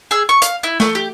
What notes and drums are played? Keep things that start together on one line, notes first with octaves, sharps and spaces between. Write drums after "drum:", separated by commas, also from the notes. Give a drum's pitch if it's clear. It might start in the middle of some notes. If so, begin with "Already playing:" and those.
G#4 E6
C#6
F5, drum: hi-hat
E4
A3, drum: snare
G4